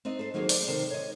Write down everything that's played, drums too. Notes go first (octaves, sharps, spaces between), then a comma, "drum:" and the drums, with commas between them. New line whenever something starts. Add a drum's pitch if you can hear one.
C4 D4 D#4 D#5
A4 C5
D#3 F#3 A#3 G#4 C5
C5 D5, drum: open hi-hat
C3 D#3 A4 C5
C#5 D#5